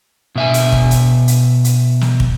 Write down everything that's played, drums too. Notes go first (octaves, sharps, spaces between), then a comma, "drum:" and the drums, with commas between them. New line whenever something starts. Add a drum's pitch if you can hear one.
B2 E5 G#5
drum: hi-hat
drum: kick
drum: hi-hat
drum: hi-hat
drum: hi-hat
drum: snare
drum: kick